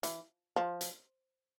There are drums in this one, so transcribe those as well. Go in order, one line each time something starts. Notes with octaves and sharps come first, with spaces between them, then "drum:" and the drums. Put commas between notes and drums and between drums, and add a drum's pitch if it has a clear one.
E3, drum: hi-hat
F3
drum: hi-hat